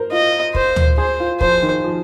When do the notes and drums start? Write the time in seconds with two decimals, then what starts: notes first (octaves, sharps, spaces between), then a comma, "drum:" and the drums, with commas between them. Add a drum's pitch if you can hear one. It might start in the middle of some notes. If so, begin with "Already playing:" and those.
Already playing: A#4 C5
0.12 F4 D#5
0.55 C5, drum: kick
0.76 drum: tom D2
0.98 G#4 C5
1.20 F4
1.41 F3 C5, drum: kick
1.62 D#3
1.84 F3